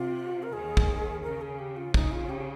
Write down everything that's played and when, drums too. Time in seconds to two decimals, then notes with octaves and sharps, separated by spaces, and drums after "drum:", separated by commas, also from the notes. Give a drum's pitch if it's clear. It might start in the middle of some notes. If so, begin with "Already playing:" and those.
Already playing: C3 F4
0.43 A#4
0.52 D#2 D#3 G#4
0.77 drum: kick
1.23 C#3 A#4
1.41 G#4
1.59 G4
1.76 F4
1.94 C#3 D#4, drum: kick
2.12 F4
2.29 G4